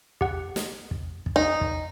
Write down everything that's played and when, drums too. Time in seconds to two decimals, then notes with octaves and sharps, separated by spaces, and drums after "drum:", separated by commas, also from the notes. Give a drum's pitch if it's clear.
0.21 G4 F#5, drum: kick
0.56 drum: snare
0.91 drum: kick
1.26 drum: kick
1.36 D#4
1.61 drum: kick